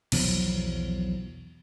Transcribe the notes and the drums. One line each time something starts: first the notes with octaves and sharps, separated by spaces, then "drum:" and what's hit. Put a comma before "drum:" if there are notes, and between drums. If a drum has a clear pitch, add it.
B1 E2 F3 F#3, drum: cymbal